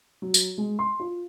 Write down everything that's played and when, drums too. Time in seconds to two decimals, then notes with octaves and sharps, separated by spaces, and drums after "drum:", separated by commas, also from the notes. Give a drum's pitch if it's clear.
0.22 F#3
0.34 drum: tambourine
0.58 G#3
0.79 C6
0.99 F4